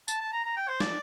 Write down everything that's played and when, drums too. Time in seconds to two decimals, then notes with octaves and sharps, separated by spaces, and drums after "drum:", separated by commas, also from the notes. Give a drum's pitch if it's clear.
0.08 A5, drum: tambourine
0.21 A5
0.32 A#5
0.44 A#5
0.57 G5
0.68 C5
0.80 D5, drum: snare